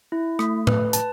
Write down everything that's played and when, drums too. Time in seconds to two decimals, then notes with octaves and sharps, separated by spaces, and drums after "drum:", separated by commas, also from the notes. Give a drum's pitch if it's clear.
0.12 E4
0.39 A3, drum: rim click
0.67 B4, drum: tom A2
0.93 A5, drum: hi-hat